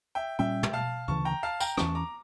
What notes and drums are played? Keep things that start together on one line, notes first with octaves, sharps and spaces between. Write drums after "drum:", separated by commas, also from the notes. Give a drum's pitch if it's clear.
E5 G5
A#2 G3 C#4 E5 G5
drum: tom
F5 A5
D2 C#3 E3 A5 C#6
G5 A#5
F5 A5
G5 A#5, drum: tambourine
E2 E3 A#3 C#4 A5 C#6, drum: rim click
A#5 D6